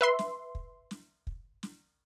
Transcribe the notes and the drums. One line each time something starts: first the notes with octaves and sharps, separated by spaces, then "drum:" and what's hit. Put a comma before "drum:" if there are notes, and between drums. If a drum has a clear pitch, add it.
B4 E5 C6
drum: snare
drum: kick
drum: snare
drum: kick
drum: snare